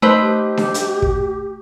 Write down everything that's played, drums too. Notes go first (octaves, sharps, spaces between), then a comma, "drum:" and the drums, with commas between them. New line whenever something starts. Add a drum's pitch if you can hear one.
A3 D#4 B4 C5
G4
drum: snare D4
drum: hi-hat
drum: kick